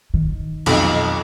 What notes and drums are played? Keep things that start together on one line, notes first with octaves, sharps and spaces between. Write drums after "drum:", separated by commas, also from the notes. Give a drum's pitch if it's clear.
D#3
B1 F2, drum: cymbal